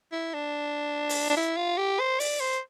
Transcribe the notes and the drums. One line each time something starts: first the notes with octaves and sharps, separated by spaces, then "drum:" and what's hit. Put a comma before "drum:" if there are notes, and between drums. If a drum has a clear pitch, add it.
E4
D4
drum: open hi-hat
D4
E4
F4
G4
C5
D5, drum: open hi-hat
C5